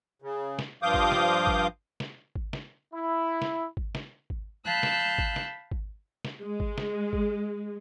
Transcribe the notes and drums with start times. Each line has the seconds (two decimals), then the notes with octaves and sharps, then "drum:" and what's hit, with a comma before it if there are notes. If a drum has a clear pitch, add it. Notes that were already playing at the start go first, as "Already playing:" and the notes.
0.22 C#3
0.59 drum: snare
0.83 G2 F3 F5 D6 D#6 G6
0.94 drum: kick G#1
1.12 drum: snare
1.47 drum: kick G#1
2.00 drum: snare
2.35 drum: kick G#1
2.53 drum: snare
2.94 E4
3.42 drum: snare
3.77 drum: kick G#1
3.95 drum: snare
4.30 drum: kick G#1
4.65 F5 A5 B5 E6 F#6 G6
4.83 drum: snare
5.18 drum: kick G#1
5.36 drum: snare
5.71 drum: kick G#1
6.25 drum: snare
6.42 G#3
6.60 drum: kick G#1
6.78 drum: snare
7.13 drum: kick G#1